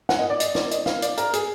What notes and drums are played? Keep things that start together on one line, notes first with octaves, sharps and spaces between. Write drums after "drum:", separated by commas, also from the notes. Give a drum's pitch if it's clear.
F#5, drum: snare
D#5
D5
D#5, drum: hi-hat
D5, drum: snare
D#5, drum: hi-hat
F5, drum: snare
D5, drum: hi-hat
A#4, drum: hi-hat
G#4, drum: hi-hat